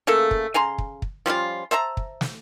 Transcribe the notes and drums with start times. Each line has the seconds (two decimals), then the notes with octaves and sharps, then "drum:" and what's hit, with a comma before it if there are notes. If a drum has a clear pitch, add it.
0.07 C#3 A3 A#3 A4
0.31 drum: kick
0.54 C#3 G#5 A#5 C6
0.78 drum: kick
1.02 drum: kick
1.26 F3 G3 C#4 F4
1.71 C5 E5 A5 A#5
1.97 drum: kick
2.21 drum: snare